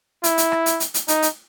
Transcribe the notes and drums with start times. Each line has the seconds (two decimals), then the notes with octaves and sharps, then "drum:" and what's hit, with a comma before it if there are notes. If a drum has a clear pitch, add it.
0.24 E4, drum: hi-hat
0.38 drum: hi-hat
0.52 drum: rim click
0.66 drum: hi-hat
0.80 drum: hi-hat
0.94 drum: hi-hat
1.08 D#4, drum: hi-hat
1.22 drum: hi-hat